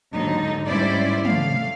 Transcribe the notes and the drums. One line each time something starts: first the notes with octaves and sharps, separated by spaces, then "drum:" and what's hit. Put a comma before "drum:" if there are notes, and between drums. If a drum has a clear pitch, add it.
D#2 G#2 D3 F#3 D#4
G#2 G3 C#4 E4 C5 D5
A3 F5, drum: tom